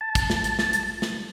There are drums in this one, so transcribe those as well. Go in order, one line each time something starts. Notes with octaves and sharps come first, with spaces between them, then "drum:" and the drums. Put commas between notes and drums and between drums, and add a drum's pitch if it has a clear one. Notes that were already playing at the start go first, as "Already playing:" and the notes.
A5
drum: kick, hi-hat
drum: snare
drum: hi-hat
drum: snare
drum: hi-hat
drum: snare